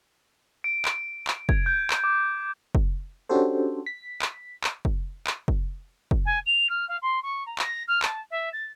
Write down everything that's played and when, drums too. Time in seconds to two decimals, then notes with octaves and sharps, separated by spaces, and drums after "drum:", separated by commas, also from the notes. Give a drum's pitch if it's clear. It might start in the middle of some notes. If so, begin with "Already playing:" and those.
0.64 D7
0.85 drum: clap
1.27 drum: clap
1.49 G#6, drum: kick
1.66 G6
1.90 drum: clap
2.04 D6
2.75 drum: kick
3.29 C#4 D4 F#4 G4 A4 C5
3.86 B6
4.22 drum: clap
4.64 drum: clap
4.85 drum: kick
5.27 drum: clap
5.48 drum: kick
6.11 drum: kick
6.25 G#5
6.46 F7
6.69 F6
6.88 F5
7.02 C6
7.22 C#6
7.46 A#5
7.59 A#6, drum: clap
7.88 F6
8.02 A5, drum: clap
8.30 E5
8.53 A6